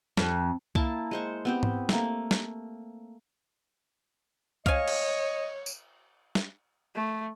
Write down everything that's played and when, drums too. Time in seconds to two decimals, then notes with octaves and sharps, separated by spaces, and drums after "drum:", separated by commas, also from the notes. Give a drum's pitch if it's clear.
0.17 F2, drum: snare
0.75 A#3 E4 A5, drum: kick C2
1.11 G#3 C5 C#6
1.45 B3 C4 G4
1.63 drum: tom G#2
1.89 A3 A#3, drum: snare
2.31 drum: snare
4.66 C#5 D#5 F5 G#5, drum: kick C2
4.88 drum: cymbal
5.66 drum: tambourine
6.35 drum: snare
6.95 A3